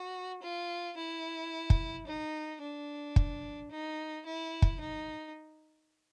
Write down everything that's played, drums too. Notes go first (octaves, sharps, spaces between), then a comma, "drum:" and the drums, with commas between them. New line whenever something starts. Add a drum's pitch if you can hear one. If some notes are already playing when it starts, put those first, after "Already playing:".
Already playing: F#4
F4
E4
drum: kick
D#4
D4
drum: kick
D#4
E4
drum: kick
D#4